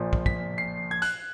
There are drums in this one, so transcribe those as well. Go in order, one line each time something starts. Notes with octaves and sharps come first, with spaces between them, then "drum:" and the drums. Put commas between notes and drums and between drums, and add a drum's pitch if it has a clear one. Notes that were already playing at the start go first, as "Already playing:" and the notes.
Already playing: A#1 A#2 F3
drum: kick
B6, drum: kick
C7
G#6
F#6, drum: hi-hat